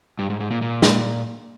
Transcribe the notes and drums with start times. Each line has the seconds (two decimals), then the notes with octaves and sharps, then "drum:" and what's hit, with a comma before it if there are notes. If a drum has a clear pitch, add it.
0.19 G2
0.30 G#2
0.40 G#2
0.51 A#2
0.62 A#2
0.82 drum: snare